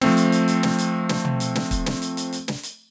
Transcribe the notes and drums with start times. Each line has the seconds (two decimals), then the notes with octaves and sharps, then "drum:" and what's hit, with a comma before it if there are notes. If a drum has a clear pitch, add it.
0.01 F3 A3 C4, drum: snare
0.17 drum: hi-hat
0.32 drum: hi-hat
0.48 drum: hi-hat
0.63 drum: snare
0.78 drum: hi-hat
1.09 drum: snare
1.25 drum: tom
1.40 drum: hi-hat
1.55 drum: snare
1.71 drum: kick, hi-hat
1.86 drum: snare
2.02 drum: hi-hat
2.17 drum: hi-hat
2.33 drum: hi-hat
2.48 drum: snare
2.63 drum: hi-hat